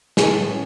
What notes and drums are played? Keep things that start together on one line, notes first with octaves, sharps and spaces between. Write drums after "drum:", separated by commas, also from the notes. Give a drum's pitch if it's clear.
A2 E3 G#4, drum: snare
C#4